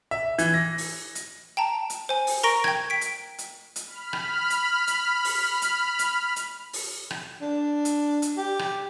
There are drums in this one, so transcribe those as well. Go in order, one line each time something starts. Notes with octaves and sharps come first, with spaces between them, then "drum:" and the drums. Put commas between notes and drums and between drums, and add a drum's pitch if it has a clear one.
E5
E3, drum: hi-hat
A#6
drum: open hi-hat
drum: hi-hat
G5 A5 A#5
drum: hi-hat
C5 G#5
drum: open hi-hat
A#4 A#5 C#6 A#6 D7
G5 G#6, drum: rim click
B6 D7
drum: hi-hat
drum: hi-hat
drum: hi-hat
B5 F6
drum: rim click
drum: hi-hat
drum: hi-hat
drum: open hi-hat
drum: hi-hat
drum: hi-hat
drum: hi-hat
drum: open hi-hat
drum: rim click
D4
drum: hi-hat
drum: hi-hat
G4
drum: rim click